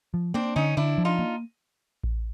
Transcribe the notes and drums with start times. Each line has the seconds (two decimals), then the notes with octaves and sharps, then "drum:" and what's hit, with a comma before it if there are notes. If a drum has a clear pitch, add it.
0.14 F3
0.34 A#3 C4 D4
0.56 D3 C#4 D#4
0.77 D3 D4 E4
0.98 F3
1.05 D#4 F4
1.19 A#3
2.04 drum: kick A1